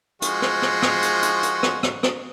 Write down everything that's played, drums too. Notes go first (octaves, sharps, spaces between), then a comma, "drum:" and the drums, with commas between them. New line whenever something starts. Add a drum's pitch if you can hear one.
F3 G#3 F#4, drum: hi-hat
drum: rim click
drum: rim click
drum: rim click
drum: hi-hat
drum: hi-hat
drum: hi-hat
drum: rim click
drum: rim click
drum: rim click